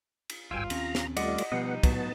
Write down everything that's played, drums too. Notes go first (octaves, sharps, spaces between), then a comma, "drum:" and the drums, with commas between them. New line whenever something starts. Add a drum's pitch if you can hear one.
drum: cymbal
D1 G#1 G2 F4 G5 G#5 E6
D#2 C4 C#4 A#5, drum: cymbal
drum: snare
G3 A3 F4 D5 D#5 F#5 C#7, drum: cymbal
drum: cymbal
B2 F3 G3 B3 D#4 D#5 F#5 C7
A2 F#3 B3 A5, drum: kick, cymbal